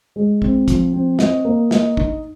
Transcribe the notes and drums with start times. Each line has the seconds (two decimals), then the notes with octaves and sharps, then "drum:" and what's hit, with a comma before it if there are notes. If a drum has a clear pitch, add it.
0.16 G#3
0.42 C4, drum: kick
0.68 F3, drum: kick, hi-hat
0.93 C4
1.19 D#5, drum: snare
1.45 A#3
1.71 D#5, drum: snare
1.97 D#4, drum: kick